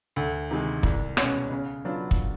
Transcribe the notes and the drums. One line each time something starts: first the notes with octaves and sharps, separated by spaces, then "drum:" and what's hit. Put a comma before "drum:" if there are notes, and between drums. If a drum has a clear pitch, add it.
D2
C3 D#3 G#3
C2, drum: kick
B2 G#3 C#4, drum: rim click
C#3
F#3 B3 D4 F4
drum: kick